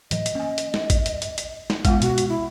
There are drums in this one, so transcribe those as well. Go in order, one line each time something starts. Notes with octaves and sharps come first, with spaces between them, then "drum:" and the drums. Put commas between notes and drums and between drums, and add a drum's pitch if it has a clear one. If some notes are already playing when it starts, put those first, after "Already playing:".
A2 E3 F#3 D#5, drum: hi-hat
drum: hi-hat
A#3 C#4 G#5
drum: hi-hat
drum: snare
drum: kick A1, hi-hat
drum: hi-hat
drum: hi-hat
drum: hi-hat
drum: snare
G#3 B3 F4 F#5, drum: kick A1, hi-hat
B2 F#4, drum: hi-hat
drum: hi-hat
E4